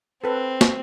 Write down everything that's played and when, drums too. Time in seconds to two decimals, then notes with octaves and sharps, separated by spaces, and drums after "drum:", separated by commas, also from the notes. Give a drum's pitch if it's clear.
0.24 C4 A4 B4
0.61 drum: snare